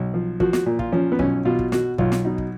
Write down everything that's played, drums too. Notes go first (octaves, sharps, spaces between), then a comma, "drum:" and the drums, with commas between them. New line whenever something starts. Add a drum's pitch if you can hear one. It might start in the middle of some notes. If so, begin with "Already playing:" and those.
Already playing: B1
F3
F3 F#4, drum: kick
F#4, drum: snare
A#2
F4, drum: kick
F3 C#4
B3
B1 C#4, drum: kick
B2 F4
drum: kick
B2 F#4, drum: snare
B1 F4, drum: kick
drum: snare
B2 D#4
drum: kick